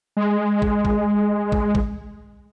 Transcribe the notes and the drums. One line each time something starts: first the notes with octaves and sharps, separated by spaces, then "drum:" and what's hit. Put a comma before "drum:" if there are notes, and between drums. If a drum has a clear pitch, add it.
G#3
drum: kick
drum: kick
drum: kick
drum: kick